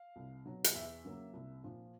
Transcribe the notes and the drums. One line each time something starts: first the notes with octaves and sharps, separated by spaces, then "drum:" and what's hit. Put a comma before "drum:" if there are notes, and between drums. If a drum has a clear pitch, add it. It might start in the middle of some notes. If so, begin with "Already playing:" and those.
Already playing: F5
C2
B2 F#3
drum: hi-hat
E2 E5
C#3 F#3 A#3
C2
A#2 F3